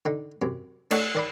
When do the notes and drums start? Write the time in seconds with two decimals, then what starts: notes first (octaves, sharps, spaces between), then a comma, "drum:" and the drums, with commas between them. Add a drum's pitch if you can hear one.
0.05 D3 D#4
0.42 F#2 C3
0.91 A3 D4 C#5 D#5 F#5, drum: cymbal
1.15 D#3 D5 B5